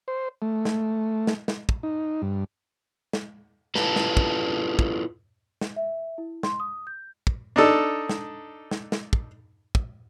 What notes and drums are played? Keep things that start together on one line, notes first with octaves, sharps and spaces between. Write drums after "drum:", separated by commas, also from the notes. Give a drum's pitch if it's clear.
C5
A3
drum: snare
drum: snare
drum: snare
drum: kick
D#4
G2
drum: snare
E4 F4 A4 B4, drum: snare
drum: snare
drum: kick
drum: kick
drum: snare
E5
E4
C6, drum: snare
D#6
G6
drum: kick
D4 D#4 A4
drum: snare
drum: snare
drum: snare
drum: kick
drum: kick